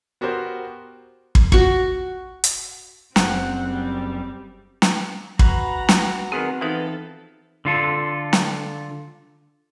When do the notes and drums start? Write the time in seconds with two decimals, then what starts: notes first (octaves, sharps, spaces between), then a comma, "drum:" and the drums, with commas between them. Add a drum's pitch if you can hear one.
0.21 B3 F#4 G4 A#4 C5
1.35 drum: kick
1.52 F#4 C#6, drum: kick
2.44 drum: hi-hat
3.16 F#1 C4 C5 F#5, drum: snare
3.67 G3
4.82 drum: snare
5.39 F#4 B4 A#5, drum: kick
5.89 drum: snare
6.32 D#3 B3 C4 G#4
6.61 E3 F3 B3 C4 D#4 A4
7.65 D3 F4 A4
8.33 drum: snare